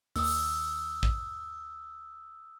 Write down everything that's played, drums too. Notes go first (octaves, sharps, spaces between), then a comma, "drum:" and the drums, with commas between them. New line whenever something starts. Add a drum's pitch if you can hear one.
D#2 D#6 E6, drum: open hi-hat
drum: kick